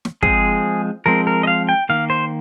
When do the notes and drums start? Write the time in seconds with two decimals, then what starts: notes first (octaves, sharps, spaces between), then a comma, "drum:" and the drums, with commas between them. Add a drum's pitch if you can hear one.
0.05 drum: snare
0.23 F3 G#3 C4 G#4, drum: kick
1.06 F3 G#3 C4 A#4
1.27 A#4
1.43 D#5
1.47 F5
1.69 G5
1.89 D#3 A#3 F5
2.10 C5